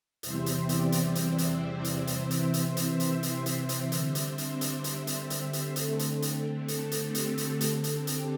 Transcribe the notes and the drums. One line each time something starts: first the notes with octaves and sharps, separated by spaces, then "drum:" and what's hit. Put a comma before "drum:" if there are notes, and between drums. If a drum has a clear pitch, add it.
E2 C3 E3 G3 C4 C5 E5, drum: hi-hat
drum: hi-hat
D5 G5, drum: hi-hat
drum: hi-hat
drum: hi-hat
drum: hi-hat
drum: hi-hat
C3 E3 C4 C5 E5, drum: hi-hat
drum: hi-hat
drum: hi-hat
drum: hi-hat
drum: hi-hat
drum: hi-hat
drum: hi-hat
drum: hi-hat
D3 G3 C4 C5 E5, drum: hi-hat
drum: hi-hat
drum: hi-hat
drum: hi-hat
drum: hi-hat
drum: hi-hat
drum: hi-hat
drum: hi-hat
D3 A3 C4, drum: hi-hat
drum: hi-hat
drum: hi-hat
A4, drum: hi-hat
drum: hi-hat
G4, drum: hi-hat
drum: hi-hat
D3 C4 A4, drum: hi-hat
drum: hi-hat
G4, drum: hi-hat